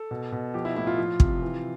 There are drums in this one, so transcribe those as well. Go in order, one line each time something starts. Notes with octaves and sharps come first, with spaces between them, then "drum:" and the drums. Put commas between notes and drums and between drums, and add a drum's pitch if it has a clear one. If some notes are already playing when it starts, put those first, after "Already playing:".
Already playing: A4
B2
B2
F3 G4
E4
A2 E4
F4
F3
C3, drum: kick
E3